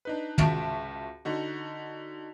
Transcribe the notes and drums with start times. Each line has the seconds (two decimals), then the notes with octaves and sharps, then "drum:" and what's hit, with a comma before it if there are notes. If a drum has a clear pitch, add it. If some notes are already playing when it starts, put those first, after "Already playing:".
0.05 D4 D#4 B4
0.38 C#2 F4 F#4 E5 A5 D7, drum: tom
1.25 D3 D#4 F#4